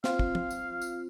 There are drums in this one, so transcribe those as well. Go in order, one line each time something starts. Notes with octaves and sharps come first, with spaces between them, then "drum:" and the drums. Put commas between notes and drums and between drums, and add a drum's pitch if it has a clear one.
C4 F4 F5, drum: snare
drum: kick
drum: tom
drum: tambourine
drum: tambourine